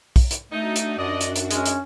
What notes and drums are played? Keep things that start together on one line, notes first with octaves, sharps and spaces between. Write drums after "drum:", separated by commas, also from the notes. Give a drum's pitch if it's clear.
drum: kick B1, open hi-hat
drum: hi-hat
A3 D4 D#4 F#4
drum: hi-hat
F#2 F3 D5 D#5
drum: hi-hat
drum: hi-hat
G#3 C#4, drum: hi-hat
drum: hi-hat